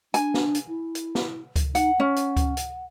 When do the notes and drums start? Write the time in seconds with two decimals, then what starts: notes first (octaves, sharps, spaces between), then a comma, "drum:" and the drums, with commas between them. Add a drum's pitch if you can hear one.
0.14 D4 G#5, drum: hi-hat
0.34 drum: snare
0.54 drum: hi-hat
0.68 E4
0.95 drum: hi-hat
1.15 drum: snare
1.56 drum: kick C#2, hi-hat
1.75 D#4 F#5, drum: hi-hat
2.00 C#4 F#5
2.16 drum: hi-hat
2.37 drum: kick C#2, hi-hat
2.57 drum: hi-hat